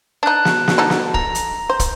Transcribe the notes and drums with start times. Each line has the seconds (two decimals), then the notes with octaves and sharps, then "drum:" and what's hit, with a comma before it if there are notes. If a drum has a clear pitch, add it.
0.23 D4 D#4 A5 F#6
0.45 drum: snare
0.68 drum: snare
0.78 D3 D#4 A4
0.90 drum: snare
1.14 A#5, drum: kick
1.35 drum: hi-hat
1.70 C5
1.80 drum: kick, hi-hat